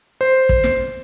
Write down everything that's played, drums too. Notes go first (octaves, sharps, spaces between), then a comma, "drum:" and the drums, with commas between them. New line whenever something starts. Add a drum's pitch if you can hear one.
C5
drum: kick
drum: snare